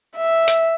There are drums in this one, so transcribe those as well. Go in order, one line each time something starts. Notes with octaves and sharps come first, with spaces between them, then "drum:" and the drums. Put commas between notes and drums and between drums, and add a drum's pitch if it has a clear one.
E5
drum: hi-hat